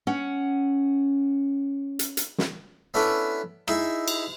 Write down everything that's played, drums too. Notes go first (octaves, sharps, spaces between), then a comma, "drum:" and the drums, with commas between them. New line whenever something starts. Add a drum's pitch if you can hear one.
C#4 F#5
drum: hi-hat
drum: hi-hat
drum: snare
B3 C#4 D4 E4 A4 B4
D#4 E4 G#4 E5, drum: rim click
drum: cymbal